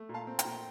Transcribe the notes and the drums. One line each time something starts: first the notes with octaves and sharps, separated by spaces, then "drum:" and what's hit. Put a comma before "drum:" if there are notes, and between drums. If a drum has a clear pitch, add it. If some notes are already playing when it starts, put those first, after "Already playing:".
Already playing: A3
A#2
F5 A5
C4
G5 A#5, drum: hi-hat
A#2